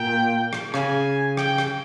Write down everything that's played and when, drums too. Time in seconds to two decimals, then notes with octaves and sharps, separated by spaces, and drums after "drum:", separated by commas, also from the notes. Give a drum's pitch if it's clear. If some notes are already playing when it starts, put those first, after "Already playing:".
Already playing: A#2 G5
0.53 drum: rim click
0.74 C#3 G#5, drum: rim click
1.37 G5, drum: rim click
1.58 drum: rim click